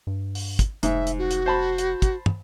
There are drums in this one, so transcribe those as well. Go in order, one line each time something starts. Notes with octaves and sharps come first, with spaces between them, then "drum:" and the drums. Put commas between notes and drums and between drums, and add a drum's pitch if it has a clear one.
G2
drum: open hi-hat
drum: kick, hi-hat
F1 G#2 E5, drum: hi-hat
drum: hi-hat
F#4
drum: hi-hat
C5 A5 B5
drum: hi-hat
drum: kick, hi-hat
drum: tom